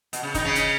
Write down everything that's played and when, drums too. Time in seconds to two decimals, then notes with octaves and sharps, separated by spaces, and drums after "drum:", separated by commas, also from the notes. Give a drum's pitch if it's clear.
0.13 B2, drum: hi-hat
0.23 C#3
0.34 D#3 D#4, drum: kick, hi-hat
0.45 C#3 C#4
0.55 drum: hi-hat